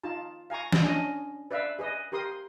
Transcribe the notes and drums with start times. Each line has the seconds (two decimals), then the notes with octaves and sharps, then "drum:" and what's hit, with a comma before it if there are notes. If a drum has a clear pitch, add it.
0.03 D#4 F4 A5
0.50 F5 G#5 A#5 C#6
0.72 drum: snare
0.82 C#4 D4 D#5
1.51 B4 D5 E5 F5
1.79 G#4 B4 D#5
2.12 G4 A#4 C6 D#6